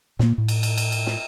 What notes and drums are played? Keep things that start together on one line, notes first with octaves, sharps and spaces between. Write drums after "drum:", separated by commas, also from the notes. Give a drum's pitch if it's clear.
A#2 A#3, drum: snare
A2
drum: cymbal
drum: cymbal
drum: cymbal
drum: cymbal
drum: snare